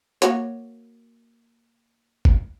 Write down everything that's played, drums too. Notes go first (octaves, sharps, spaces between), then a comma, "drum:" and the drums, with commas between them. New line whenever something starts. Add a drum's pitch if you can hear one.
A#3 F#4 C#5, drum: hi-hat
drum: kick G1